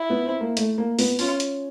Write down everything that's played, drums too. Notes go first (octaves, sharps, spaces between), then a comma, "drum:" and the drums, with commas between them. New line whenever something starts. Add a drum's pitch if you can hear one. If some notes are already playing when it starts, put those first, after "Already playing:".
Already playing: E4
B3
C4
A#3
A3, drum: hi-hat
A#3
B3, drum: open hi-hat
C#4 F4, drum: open hi-hat
drum: hi-hat